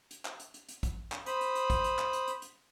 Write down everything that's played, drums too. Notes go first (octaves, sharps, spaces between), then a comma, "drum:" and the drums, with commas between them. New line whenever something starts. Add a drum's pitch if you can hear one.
drum: hi-hat
drum: clap
drum: hi-hat
drum: hi-hat
drum: hi-hat
drum: kick A1, hi-hat
drum: clap
C5 B5 D#6, drum: hi-hat
drum: hi-hat
drum: hi-hat
drum: kick A1, hi-hat
drum: hi-hat
drum: clap
drum: hi-hat
drum: hi-hat
drum: hi-hat